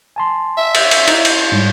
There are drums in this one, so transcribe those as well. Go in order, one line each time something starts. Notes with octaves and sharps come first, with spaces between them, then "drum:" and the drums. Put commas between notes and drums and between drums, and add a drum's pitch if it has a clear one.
G#5 A5 C6
E5
drum: cymbal
drum: cymbal
D#4 E4, drum: cymbal
drum: cymbal
G#2 G3 C#7